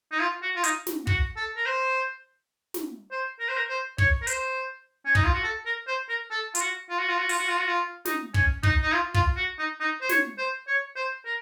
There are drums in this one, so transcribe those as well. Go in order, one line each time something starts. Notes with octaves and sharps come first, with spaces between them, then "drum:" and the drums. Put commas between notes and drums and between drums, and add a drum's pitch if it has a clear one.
D#4
F4
F#4
F4
D#4, drum: hi-hat
drum: snare
F#4, drum: kick
A4
A#4
C5
drum: snare
C5
A#4
C5
A#4
C5
C#5, drum: kick
A#4
C5, drum: hi-hat
C#4
D#4, drum: kick
F4
F#4
A4
A#4
C5
A#4
A4
F4, drum: hi-hat
F#4
F4
F#4
F4
F#4
F4, drum: open hi-hat
F#4
F4
F#4
F4
D#4, drum: snare
C#4, drum: kick
D#4, drum: kick
D#4
F4
F4, drum: kick
F#4
D#4
D#4
C5
C#5, drum: snare
C5
C#5
C5
A#4